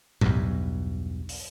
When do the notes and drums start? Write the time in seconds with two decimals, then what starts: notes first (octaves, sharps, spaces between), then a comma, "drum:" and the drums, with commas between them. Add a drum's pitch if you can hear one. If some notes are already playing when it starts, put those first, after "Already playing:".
0.21 B1 E2 G2, drum: tom A2
1.29 drum: open hi-hat